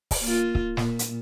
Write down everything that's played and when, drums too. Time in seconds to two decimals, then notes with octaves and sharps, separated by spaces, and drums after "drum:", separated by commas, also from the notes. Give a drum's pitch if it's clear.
0.11 drum: kick C#1, open hi-hat
0.21 A#3 F4
0.55 drum: kick C#1
0.77 A#2, drum: snare
0.99 drum: hi-hat